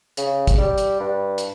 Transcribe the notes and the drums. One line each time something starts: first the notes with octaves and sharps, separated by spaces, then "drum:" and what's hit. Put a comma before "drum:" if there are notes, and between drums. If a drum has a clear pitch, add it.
C#3, drum: hi-hat
drum: kick, hi-hat
G3
drum: hi-hat
G2
drum: hi-hat